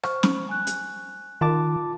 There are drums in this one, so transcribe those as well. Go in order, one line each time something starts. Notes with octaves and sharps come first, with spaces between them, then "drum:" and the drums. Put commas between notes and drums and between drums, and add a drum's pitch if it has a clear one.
C5 C#6 F6, drum: rim click
drum: snare
G#5 F#6
drum: hi-hat
D#3 F4 A5 D6